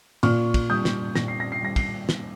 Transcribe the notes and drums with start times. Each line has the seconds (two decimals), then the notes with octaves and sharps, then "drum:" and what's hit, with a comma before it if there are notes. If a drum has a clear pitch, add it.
0.23 A#2 C#6 F6, drum: cymbal
0.54 drum: kick, cymbal
0.70 G3 D#6 G6
0.85 drum: snare
1.15 A#2 A#6, drum: snare
1.28 C7
1.40 A#6
1.52 C7
1.62 G3 A#6
1.76 C7, drum: kick, cymbal
2.09 drum: snare